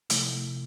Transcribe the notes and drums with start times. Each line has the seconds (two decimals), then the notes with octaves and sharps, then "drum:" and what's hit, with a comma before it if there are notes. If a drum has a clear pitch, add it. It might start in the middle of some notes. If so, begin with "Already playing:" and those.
0.10 C3 F3 A3 E4, drum: hi-hat